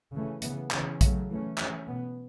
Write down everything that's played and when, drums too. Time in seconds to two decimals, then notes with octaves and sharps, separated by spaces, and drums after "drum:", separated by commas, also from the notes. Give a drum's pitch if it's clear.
0.13 C#3 E3 A3 C#4
0.42 C#3 E3 B3, drum: hi-hat
0.71 C#3 E3 C#4, drum: clap
1.01 C#3 F#3 A3, drum: kick A#1, hi-hat
1.29 E3 A3 C#4
1.58 E3 A3 C#4, drum: clap
1.87 B2 B3